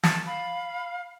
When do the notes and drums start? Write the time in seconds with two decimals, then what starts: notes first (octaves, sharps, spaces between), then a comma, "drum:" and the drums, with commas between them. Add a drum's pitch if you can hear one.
0.03 A5, drum: snare
0.26 F5 B5